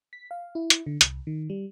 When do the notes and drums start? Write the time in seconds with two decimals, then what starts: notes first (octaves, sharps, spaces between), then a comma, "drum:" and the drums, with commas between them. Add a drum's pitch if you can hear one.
0.13 B6
0.31 F5
0.55 E4
0.70 drum: hi-hat
0.86 D3
1.01 C2, drum: hi-hat
1.27 D#3
1.50 G3